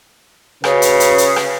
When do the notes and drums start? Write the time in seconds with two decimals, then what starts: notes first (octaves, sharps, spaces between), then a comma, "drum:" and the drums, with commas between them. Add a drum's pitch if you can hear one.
0.64 C#3 C#4 F#4 B4, drum: rim click
0.82 drum: hi-hat
1.00 drum: hi-hat
1.18 drum: hi-hat
1.36 drum: rim click